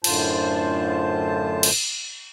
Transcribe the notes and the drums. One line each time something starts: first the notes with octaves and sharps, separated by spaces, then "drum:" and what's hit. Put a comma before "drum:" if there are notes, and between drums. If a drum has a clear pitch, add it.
F#2 A2 D3 F4 C5 A5, drum: cymbal
drum: cymbal